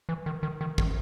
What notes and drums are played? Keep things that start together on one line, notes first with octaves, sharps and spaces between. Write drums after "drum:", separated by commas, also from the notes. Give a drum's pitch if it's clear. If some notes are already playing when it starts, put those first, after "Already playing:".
E3
D#3
D#3
D#3
D#3, drum: kick